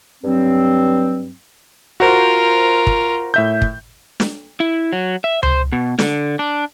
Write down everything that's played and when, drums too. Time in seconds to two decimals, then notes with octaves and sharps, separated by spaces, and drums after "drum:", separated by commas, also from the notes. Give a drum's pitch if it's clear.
0.23 G2 F#3 C4
2.00 F4 F#4 A#4 C5
2.87 drum: kick
3.34 A2 E5 G6
3.62 drum: kick
4.20 drum: snare
4.60 E4
4.93 F#3
5.24 E5
5.43 C5, drum: tom C#2
5.72 B2
5.99 D3, drum: snare
6.39 D4